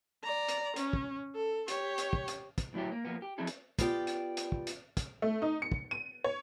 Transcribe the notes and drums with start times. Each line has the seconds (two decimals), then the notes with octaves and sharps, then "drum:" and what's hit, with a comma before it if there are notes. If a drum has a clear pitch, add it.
0.23 D5 A#5
0.48 drum: hi-hat
0.76 C#4, drum: hi-hat
0.93 drum: kick
1.35 A4
1.68 G4 C#5, drum: hi-hat
1.98 drum: hi-hat
2.13 drum: kick
2.28 drum: hi-hat
2.58 drum: kick, hi-hat
2.74 A2 F#3 E4 G4
2.91 A#3
3.05 F3 A#3 B3
3.22 G4
3.38 F3 F#3 C4 E4 G#4 A4
3.47 drum: hi-hat
3.79 B3 F4 G4 D5 G5, drum: kick, hi-hat
4.07 drum: hi-hat
4.37 drum: hi-hat
4.52 drum: kick
4.67 drum: hi-hat
4.97 drum: kick, hi-hat
5.22 A3
5.42 D#4
5.62 C#7
5.72 drum: kick
5.91 D#7
6.24 C#5